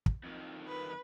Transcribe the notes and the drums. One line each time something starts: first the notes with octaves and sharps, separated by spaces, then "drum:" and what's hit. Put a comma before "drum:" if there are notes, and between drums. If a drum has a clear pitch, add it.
drum: kick
F2 D#3
B4